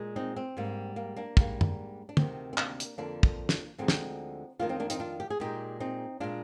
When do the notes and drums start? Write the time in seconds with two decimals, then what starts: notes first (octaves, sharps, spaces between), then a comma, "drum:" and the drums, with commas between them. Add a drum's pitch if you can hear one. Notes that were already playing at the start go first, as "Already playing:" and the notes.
Already playing: A#2 G#3
0.16 C4 D#4
0.36 C4
0.57 G#2 G3 A#3
0.96 A#3
1.16 A#3 D4
1.37 G#2 G3 A#3, drum: kick
1.61 drum: tom
2.09 D4
2.17 D2 C3 D#3 C4, drum: tom
2.53 C4
2.58 A#3 D4, drum: clap
2.80 drum: hi-hat
2.98 F2 D3 F3 A#3 D4
3.23 drum: kick
3.49 drum: snare
3.78 D2 D3 F3 G#3 C4 D#4
3.88 drum: snare
4.59 F2 D#3 A#3 D4 F4
4.69 C4 D#4
4.80 A#3 D4
4.90 C4 D#4, drum: hi-hat
5.00 D4 F4
5.20 G4
5.30 G#4
5.40 A#2 G#3 D#4 G4
5.80 C4 D#4
6.20 A#2 G#3 D4 F4